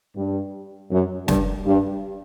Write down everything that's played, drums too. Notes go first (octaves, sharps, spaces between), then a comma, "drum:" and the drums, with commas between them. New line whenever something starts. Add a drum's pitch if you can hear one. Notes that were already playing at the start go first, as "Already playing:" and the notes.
G2
F#2
G2, drum: snare
G2